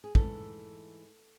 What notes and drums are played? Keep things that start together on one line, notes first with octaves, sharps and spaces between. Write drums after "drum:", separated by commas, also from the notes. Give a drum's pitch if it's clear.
G#4
G#2 E3 A3 A4, drum: kick